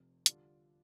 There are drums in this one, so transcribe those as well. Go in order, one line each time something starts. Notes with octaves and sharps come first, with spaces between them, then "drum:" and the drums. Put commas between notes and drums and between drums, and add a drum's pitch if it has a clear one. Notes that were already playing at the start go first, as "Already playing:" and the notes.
Already playing: F1 F2 C3
D3 G3 D4 F4 D5, drum: hi-hat